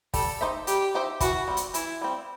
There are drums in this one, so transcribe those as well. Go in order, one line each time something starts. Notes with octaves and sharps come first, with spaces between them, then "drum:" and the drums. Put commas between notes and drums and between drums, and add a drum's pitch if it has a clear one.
G3 A4, drum: kick, open hi-hat
D#4 G4 C5 E5
G3 G4, drum: hi-hat
D#4 G4 C5 E5
E3 F#4, drum: kick, hi-hat
G3 C4
drum: hi-hat
E3 E4, drum: hi-hat
G3 C4